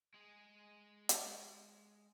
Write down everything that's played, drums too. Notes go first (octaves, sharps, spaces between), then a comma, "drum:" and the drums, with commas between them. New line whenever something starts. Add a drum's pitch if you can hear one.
G#3 G#4
drum: hi-hat